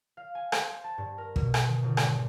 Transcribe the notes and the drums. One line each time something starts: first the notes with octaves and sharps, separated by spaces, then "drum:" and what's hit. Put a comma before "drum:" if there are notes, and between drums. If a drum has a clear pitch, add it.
F5
G#5
C5, drum: rim click
G#6
A5
G2
A#4
B2, drum: kick
E5, drum: rim click
D#3
G1
G#1, drum: rim click